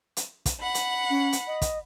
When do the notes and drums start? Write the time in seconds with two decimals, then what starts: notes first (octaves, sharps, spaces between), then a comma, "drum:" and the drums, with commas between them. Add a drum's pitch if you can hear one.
0.17 drum: hi-hat
0.46 drum: kick, hi-hat
0.60 F#5 B5
0.75 drum: hi-hat
1.10 C#4
1.33 drum: hi-hat
1.47 D#5
1.62 drum: kick, hi-hat